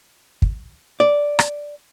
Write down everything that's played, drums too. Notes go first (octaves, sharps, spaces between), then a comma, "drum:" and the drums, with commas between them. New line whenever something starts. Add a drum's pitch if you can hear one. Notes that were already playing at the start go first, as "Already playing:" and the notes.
drum: kick
D5
drum: rim click